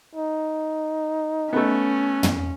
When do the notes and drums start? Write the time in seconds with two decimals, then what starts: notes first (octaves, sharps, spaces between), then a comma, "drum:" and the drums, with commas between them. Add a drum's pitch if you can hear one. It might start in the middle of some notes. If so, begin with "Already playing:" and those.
0.15 D#4
1.53 A3 B3 C#4
2.23 drum: tom